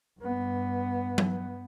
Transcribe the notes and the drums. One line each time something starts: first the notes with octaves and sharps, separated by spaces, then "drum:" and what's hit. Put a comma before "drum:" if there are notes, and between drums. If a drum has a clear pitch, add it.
G2 B3
drum: tom F#3